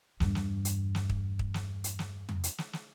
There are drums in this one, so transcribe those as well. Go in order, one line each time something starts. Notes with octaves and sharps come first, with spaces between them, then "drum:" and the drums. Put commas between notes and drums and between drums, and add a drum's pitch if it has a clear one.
E2 G2, drum: snare
drum: snare
drum: hi-hat
drum: snare
drum: kick
drum: kick
drum: snare
drum: hi-hat
drum: snare
drum: tom
drum: hi-hat
drum: snare
drum: snare